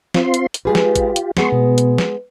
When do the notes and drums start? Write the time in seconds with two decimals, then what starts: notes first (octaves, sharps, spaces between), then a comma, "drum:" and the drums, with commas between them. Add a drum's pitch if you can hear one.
0.14 C4 F4 C6, drum: snare
0.34 drum: hi-hat
0.54 drum: hi-hat
0.65 G#3 F4 G4 G#4 B4
0.75 drum: snare
0.95 drum: kick, hi-hat
1.16 drum: hi-hat
1.37 G#3 B3 G#4 C6 C#6, drum: snare
1.52 B2
1.78 drum: hi-hat
1.98 drum: snare